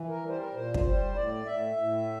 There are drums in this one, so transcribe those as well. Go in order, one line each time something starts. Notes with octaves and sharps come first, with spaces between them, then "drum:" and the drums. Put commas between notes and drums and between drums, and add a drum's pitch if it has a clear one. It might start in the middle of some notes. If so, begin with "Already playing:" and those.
Already playing: E3
A#4
G3
C5
A#4
A#2 C5
drum: kick
G3 C5
A2 D5
A2 E5
A2